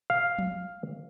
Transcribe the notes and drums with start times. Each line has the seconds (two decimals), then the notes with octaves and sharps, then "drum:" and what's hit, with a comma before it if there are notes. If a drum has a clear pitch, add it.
0.10 F5
0.38 drum: tom F3